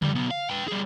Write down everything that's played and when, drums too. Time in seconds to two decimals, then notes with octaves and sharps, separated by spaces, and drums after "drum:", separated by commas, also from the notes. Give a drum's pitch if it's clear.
0.02 F2 G3, drum: tom C#3
0.15 B1 B3
0.31 F5
0.50 B4 G5
0.68 G3 G#4